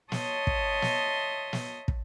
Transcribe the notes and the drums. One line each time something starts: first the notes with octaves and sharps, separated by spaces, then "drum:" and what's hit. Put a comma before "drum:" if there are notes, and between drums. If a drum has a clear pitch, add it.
C#5 D#5 E5 A5 C6 D#6, drum: snare
drum: kick
drum: snare
drum: snare
drum: kick